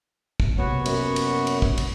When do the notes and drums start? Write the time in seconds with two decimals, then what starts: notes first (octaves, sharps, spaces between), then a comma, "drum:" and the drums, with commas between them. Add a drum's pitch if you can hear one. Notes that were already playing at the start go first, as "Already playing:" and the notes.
0.40 drum: kick
0.58 C3 A#3 B3 F#4 C#5
0.86 F#2, drum: cymbal
1.16 drum: cymbal
1.47 drum: cymbal
1.62 drum: kick
1.78 drum: cymbal